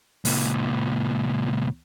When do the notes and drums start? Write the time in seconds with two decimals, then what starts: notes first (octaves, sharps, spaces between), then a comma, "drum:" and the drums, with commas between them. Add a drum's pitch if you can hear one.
0.25 C#2 A#2, drum: open hi-hat